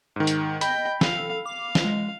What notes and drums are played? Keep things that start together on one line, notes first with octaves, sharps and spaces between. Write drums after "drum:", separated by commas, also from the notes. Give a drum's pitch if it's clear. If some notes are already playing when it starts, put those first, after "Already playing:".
G#2 D#3
drum: hi-hat
D#5 G5 B5, drum: hi-hat
A4 F5, drum: snare
F5 D6
drum: snare
G#3